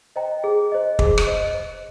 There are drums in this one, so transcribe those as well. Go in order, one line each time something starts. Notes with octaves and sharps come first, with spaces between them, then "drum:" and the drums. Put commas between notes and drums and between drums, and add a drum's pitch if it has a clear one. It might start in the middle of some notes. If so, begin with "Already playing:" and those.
C5 D#5 G5 A#5
G#4
C5 D#5
G#4, drum: kick
drum: rim click
C5 D#5
C5